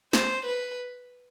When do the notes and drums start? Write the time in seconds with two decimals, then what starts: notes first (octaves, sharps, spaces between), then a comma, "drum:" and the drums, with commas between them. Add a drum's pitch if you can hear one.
0.13 C5, drum: snare
0.46 B4